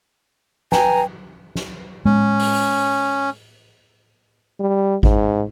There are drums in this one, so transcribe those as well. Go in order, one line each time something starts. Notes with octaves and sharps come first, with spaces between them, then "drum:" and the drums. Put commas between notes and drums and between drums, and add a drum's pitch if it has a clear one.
B4 G5 G#5 A#5, drum: snare
drum: snare
G#3 C#4, drum: tom A2
drum: open hi-hat
G3
G#2, drum: kick G#1